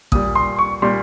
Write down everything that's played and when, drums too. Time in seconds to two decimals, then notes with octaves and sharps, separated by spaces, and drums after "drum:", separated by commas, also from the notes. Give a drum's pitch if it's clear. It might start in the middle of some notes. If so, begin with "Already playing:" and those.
0.12 A#2 G3 D#6, drum: kick A1
0.35 C6
0.59 C#6
0.82 A#2 G3 C6